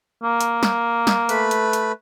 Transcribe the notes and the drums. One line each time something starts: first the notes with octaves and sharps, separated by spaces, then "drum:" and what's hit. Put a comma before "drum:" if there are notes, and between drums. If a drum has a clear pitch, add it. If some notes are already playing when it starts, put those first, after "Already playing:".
A#3
drum: hi-hat
drum: snare
drum: snare
A3 B4 B5, drum: hi-hat
drum: hi-hat
drum: hi-hat